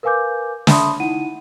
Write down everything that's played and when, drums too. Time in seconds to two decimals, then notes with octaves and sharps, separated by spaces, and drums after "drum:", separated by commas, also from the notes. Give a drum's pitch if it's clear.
0.03 A#4 B4 F5 G#5 D6 G6
0.67 E5 A5 B5 C6 D#6, drum: snare
1.00 D#4 E4 F#5 D#7